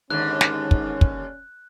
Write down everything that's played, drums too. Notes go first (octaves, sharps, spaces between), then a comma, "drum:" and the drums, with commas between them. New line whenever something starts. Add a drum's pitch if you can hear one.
D#2 G#2 D3 C#4 F#6
drum: snare
drum: kick
drum: kick